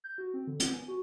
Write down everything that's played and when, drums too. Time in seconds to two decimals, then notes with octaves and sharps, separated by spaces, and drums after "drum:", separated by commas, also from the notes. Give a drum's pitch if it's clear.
0.04 G6
0.18 F#4
0.34 C4
0.47 D3
0.60 B3, drum: hi-hat
0.74 G#5
0.88 F#4